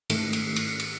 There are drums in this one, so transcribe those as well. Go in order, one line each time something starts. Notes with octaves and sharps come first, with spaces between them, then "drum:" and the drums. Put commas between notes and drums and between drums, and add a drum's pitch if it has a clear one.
G#2 D#3 A3, drum: cymbal
drum: cymbal
drum: cymbal
drum: cymbal